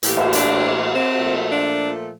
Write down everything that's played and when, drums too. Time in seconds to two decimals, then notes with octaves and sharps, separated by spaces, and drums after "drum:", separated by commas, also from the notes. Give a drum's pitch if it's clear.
0.03 A2 E3 A#3 G4, drum: hi-hat
0.17 E4, drum: cymbal
0.33 D4, drum: hi-hat
0.90 C4
1.19 A#2 F3 A3
1.48 D4